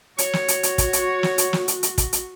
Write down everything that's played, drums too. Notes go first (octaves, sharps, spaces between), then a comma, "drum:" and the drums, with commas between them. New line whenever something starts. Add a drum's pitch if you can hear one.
F#4 C#5, drum: hi-hat
drum: snare
drum: hi-hat
drum: hi-hat
drum: kick, hi-hat
drum: hi-hat
drum: snare
drum: hi-hat
drum: snare
drum: hi-hat
drum: hi-hat
drum: kick, hi-hat
drum: hi-hat